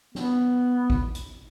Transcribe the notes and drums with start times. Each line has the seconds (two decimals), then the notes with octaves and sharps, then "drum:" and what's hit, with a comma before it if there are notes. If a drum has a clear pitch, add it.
0.15 B3, drum: snare
0.90 drum: kick G#1
1.15 drum: hi-hat